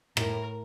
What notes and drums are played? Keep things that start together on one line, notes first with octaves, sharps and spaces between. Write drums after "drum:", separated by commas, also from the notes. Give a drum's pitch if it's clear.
A2 A#4, drum: rim click